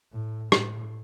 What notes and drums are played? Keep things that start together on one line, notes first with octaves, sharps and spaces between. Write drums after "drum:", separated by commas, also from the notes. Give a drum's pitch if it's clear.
A2
A2, drum: rim click